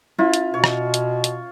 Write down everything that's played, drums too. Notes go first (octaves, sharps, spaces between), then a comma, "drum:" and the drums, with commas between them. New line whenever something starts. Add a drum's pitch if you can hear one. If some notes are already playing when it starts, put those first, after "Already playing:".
C#4 E4 F4
drum: hi-hat
B2 C#5
drum: rim click
drum: hi-hat
drum: hi-hat